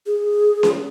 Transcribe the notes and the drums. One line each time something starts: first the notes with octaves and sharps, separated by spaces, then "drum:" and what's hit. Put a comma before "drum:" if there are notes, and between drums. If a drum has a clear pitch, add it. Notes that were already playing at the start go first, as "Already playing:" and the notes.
G#4
drum: snare C#4